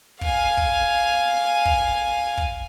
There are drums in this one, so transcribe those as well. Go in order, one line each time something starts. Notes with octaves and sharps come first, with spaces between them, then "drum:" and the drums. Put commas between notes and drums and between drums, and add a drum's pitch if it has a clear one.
F5 G#5, drum: kick
drum: kick
drum: kick
drum: kick